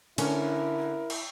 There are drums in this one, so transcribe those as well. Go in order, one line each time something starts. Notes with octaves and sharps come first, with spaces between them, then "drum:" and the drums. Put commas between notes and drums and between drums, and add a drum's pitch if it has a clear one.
D3 C#4 E4 A#4, drum: cymbal
drum: cymbal